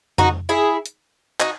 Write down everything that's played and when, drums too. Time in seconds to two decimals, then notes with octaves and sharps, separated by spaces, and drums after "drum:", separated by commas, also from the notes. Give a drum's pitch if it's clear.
0.18 D#4 F#4, drum: tom F2
0.49 E4 G#4
0.86 drum: hi-hat
1.40 D#4 F#4, drum: clap